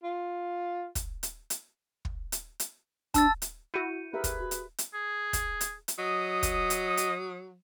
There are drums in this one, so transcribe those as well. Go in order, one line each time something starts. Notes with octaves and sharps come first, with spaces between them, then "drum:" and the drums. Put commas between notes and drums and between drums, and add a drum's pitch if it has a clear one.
F4
drum: kick, hi-hat
drum: hi-hat
drum: hi-hat
drum: kick
drum: hi-hat
drum: hi-hat
D4 A5 E6 A6, drum: kick, hi-hat
drum: hi-hat
E4 F#4 G6 C#7 D#7
G4 G#4 A#4 B4 E5
drum: kick, hi-hat
F#4
drum: hi-hat
drum: hi-hat
G#4
drum: kick, hi-hat
drum: hi-hat
drum: hi-hat
F#3 D#5 D#6
drum: kick, hi-hat
drum: hi-hat
drum: hi-hat